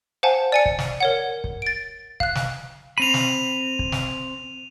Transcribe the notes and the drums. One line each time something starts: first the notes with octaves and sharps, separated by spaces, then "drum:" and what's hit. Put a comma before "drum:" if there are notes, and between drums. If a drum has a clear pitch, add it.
C5 F5 F#5 G#5 A5
D5 G#5 C#7
drum: kick
drum: snare
A#4 C#5 F#5
drum: kick
A6 D7
F5 F#6, drum: kick
drum: snare
C4 B5 D#7 F7
drum: snare
drum: kick
drum: snare